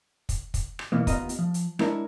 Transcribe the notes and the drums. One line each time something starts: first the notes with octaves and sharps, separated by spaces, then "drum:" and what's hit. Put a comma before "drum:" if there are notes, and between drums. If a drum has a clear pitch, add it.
drum: kick, hi-hat
drum: kick, hi-hat
drum: rim click
B2 E3 A#3 B3
D#2 B3 F4 D#5 A#5, drum: kick, hi-hat
drum: hi-hat
F3
drum: hi-hat
G#3 D4 E4 A#4 B4 C#5, drum: rim click